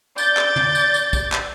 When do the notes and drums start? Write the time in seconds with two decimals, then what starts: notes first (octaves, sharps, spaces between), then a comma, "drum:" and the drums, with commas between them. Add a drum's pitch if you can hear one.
0.18 D5 G6 A6, drum: tambourine
0.37 drum: clap
0.56 drum: tom
0.75 drum: tambourine
0.94 drum: tambourine
1.13 drum: kick, tambourine
1.32 drum: clap